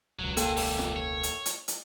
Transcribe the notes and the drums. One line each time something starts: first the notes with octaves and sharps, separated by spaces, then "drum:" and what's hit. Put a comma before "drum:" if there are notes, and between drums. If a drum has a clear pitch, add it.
E1 C#2 F#3
A#3 F#4 G#4 A4 G5, drum: hi-hat
E3 G3, drum: open hi-hat
drum: snare
C#5
drum: hi-hat
drum: hi-hat
drum: hi-hat